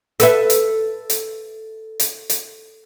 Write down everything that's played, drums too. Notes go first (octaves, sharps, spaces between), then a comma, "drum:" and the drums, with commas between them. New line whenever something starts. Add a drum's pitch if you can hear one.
A4 B4 E5, drum: hi-hat
drum: hi-hat
drum: hi-hat
drum: hi-hat
drum: hi-hat